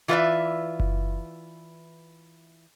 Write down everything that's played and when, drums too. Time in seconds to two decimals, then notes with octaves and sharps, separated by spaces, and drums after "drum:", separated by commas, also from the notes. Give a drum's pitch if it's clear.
0.08 E3 F4 B4 C5 D5 E5
0.80 drum: kick F#1